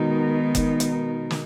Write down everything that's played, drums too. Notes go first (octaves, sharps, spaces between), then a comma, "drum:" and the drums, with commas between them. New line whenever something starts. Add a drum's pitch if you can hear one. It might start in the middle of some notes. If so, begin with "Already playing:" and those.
Already playing: B2 D#3 G#3 B3 D#4 A#4
drum: kick F#1, hi-hat
drum: hi-hat
drum: snare